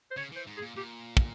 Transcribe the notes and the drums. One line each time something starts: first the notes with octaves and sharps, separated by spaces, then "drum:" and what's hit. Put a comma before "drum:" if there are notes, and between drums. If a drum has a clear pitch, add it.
C5
C#3 C#5
E3 C5
G#2
G#4
A#2
A#2 G4
drum: kick